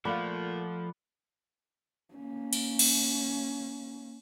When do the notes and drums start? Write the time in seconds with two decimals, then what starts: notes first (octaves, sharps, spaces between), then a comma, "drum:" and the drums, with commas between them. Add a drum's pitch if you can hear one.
0.05 A#2 F3 A3 F4 D5 F#5 B5
2.15 A#3 C#4
2.53 drum: cymbal
2.79 drum: cymbal